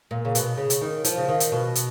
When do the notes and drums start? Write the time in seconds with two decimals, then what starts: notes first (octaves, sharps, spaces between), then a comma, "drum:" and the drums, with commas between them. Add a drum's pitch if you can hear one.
0.11 A#2
0.25 C#3
0.35 B2, drum: hi-hat
0.58 C#3
0.70 drum: hi-hat
0.81 D#3
1.04 F3, drum: hi-hat
1.18 C#3
1.29 D#3
1.40 drum: hi-hat
1.52 B2
1.75 drum: hi-hat